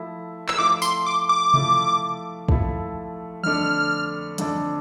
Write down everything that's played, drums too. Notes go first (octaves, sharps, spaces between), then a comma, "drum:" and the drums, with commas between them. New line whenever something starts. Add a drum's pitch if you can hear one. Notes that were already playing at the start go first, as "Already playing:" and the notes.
Already playing: F3 A3 E4
E6, drum: clap
F3 A3 E4 D6
C6, drum: tambourine
D6
D6
F3 A3 E4, drum: tom C3
F3 A3 E4, drum: kick
F2 D3 A3 D4 F6
F2 D3 A3 D4, drum: hi-hat